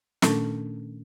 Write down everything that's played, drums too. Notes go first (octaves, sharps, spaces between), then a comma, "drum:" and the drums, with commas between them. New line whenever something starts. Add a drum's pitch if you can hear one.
A#2 D#3 A3 C#4 D4 A4, drum: snare